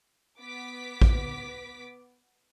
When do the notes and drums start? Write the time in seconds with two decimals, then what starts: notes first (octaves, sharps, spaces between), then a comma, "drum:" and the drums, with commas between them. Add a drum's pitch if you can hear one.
0.40 B3 D6 B6
1.02 drum: kick A1